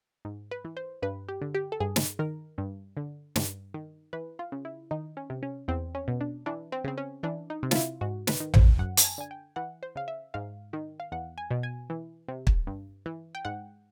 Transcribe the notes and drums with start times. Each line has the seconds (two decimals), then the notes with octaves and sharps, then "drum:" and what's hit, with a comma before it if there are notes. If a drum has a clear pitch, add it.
0.25 G#2
0.51 B4
0.65 E3
0.77 C5
1.02 G2 B4
1.29 G4
1.42 D3
1.54 G4
1.72 A4
1.80 G2 G#4
1.96 drum: snare
2.19 D#3 A#4
2.58 G2
2.97 D3
3.36 G2, drum: snare
3.74 D#3
4.13 E3 B4
4.39 F4
4.52 C#3
4.65 E4
4.91 D#3 D#4
5.17 C#4
5.30 C3
5.43 C#4
5.68 E2 C4
5.95 C#4
6.08 B2
6.21 D4
6.46 E3 D4
6.72 C4
6.84 C#3 C4
6.98 C#4
7.23 E3 D4
7.50 D#4
7.63 C3
7.71 F4, drum: snare
7.75 E4
8.01 G#2 F#4
8.27 B4, drum: snare
8.40 D#3
8.54 C5, drum: tom A1
8.79 F#2 F#5
8.97 A5, drum: hi-hat
9.04 G#5
9.18 D3 G#5
9.31 G5
9.56 E3 F#5
9.83 C5
9.96 C#3 F5
10.08 E5
10.34 G#2 F5
10.73 D#3
11.00 F5
11.12 E2 F#5
11.38 G#5
11.51 B2
11.63 G#5
11.90 E3
12.28 C3
12.47 drum: kick
12.67 G2
13.06 E3
13.35 G5
13.45 G#2 F#5